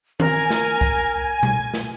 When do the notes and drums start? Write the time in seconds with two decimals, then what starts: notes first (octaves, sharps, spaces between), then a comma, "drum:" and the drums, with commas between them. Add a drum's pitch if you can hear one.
0.20 A#4 G#5, drum: tom D#3
0.50 drum: snare
0.81 drum: kick C2
1.43 drum: tom B2
1.74 drum: snare